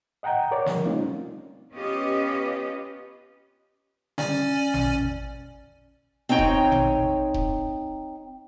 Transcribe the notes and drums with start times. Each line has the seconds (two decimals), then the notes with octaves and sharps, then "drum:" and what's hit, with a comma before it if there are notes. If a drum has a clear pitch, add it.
0.23 D#5 F#5 G5 A#5 G6
0.51 A#4 C#5 D5
0.66 C#3 F3, drum: snare
0.85 G3 A3 C4 C#4 D#4 F4
1.72 B3 C#4 F4 G4 B4 D#5
4.18 C#4 D5 G#5, drum: snare
4.74 drum: tom A1
6.29 C4 D#4 C#5 G5
6.39 drum: kick D#1
6.72 drum: tom A1
7.34 drum: kick D#1